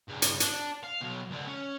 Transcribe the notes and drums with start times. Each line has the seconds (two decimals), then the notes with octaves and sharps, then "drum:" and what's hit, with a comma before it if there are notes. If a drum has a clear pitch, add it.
0.08 G2 C#3
0.22 drum: hi-hat
0.40 D4, drum: hi-hat
0.83 F5
1.01 B2 F#3
1.30 C#2 D3
1.47 C#4